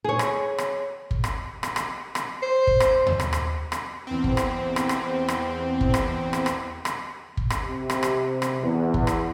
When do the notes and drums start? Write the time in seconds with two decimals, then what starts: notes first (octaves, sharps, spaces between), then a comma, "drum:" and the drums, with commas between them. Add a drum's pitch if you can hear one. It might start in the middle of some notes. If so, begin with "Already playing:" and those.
0.04 G#4 C#5
0.19 drum: rim click
0.58 drum: rim click
1.11 drum: kick
1.24 drum: rim click
1.63 drum: rim click
1.76 drum: rim click
2.15 drum: rim click
2.42 C5
2.67 drum: kick
2.80 drum: rim click
3.06 drum: tom D#2
3.20 drum: rim click
3.33 drum: rim click
3.72 drum: rim click
4.07 E2 C4
4.24 drum: kick
4.37 drum: rim click
4.76 drum: rim click
4.89 drum: rim click
5.28 drum: rim click
5.81 drum: kick
5.94 drum: rim click
6.33 drum: rim click
6.46 drum: rim click
6.85 drum: rim click
7.37 drum: kick
7.50 drum: rim click
7.63 C3
7.90 drum: rim click
8.03 drum: rim click
8.42 drum: rim click
8.63 E2
8.94 drum: kick
9.07 drum: rim click